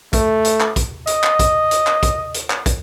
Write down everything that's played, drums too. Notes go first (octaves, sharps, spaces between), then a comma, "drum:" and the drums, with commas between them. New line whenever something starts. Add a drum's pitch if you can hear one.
A3, drum: kick, hi-hat
drum: hi-hat
drum: clap
drum: kick, hi-hat
D#5, drum: hi-hat
drum: clap
drum: kick, hi-hat
drum: hi-hat
drum: clap
drum: kick, hi-hat
drum: hi-hat
drum: clap
drum: kick, hi-hat